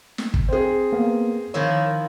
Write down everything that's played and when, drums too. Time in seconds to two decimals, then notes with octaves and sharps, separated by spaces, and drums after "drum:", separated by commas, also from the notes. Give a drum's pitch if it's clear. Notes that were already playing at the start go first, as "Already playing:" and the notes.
0.18 drum: snare
0.34 drum: kick
0.49 C4 G#4
0.92 A#3 B3
1.54 D#3 F3 E4 C#5